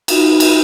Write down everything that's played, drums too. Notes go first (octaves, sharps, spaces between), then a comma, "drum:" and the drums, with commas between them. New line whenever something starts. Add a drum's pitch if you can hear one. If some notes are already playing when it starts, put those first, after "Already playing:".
D#4 F#4, drum: cymbal
drum: cymbal